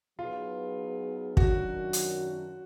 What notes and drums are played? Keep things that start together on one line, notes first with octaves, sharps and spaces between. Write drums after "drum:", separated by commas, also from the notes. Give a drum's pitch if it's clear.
F#3 B3 D#4 F4 G#4 B4
F#2 D#3 F#3 D4 F#4, drum: kick
drum: hi-hat